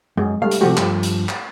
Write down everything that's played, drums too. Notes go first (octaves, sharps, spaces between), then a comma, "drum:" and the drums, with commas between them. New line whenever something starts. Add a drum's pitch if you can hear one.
F#2 G#3 G#4
G3 A3 F5
drum: hi-hat
C3 F3 A3 F#4 G4
G2 F3, drum: clap
drum: hi-hat
drum: clap